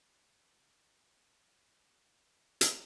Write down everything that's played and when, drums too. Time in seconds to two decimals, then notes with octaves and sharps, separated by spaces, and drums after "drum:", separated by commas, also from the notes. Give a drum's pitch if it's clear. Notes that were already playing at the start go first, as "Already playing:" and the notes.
0.20 G3 B3 G#4 A4
0.46 D4 F#4 G4
1.91 F#3 G3 G4 C5
2.61 drum: hi-hat